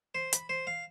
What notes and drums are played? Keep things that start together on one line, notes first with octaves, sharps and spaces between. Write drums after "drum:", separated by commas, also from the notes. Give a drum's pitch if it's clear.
C5
B5, drum: hi-hat
C5
F5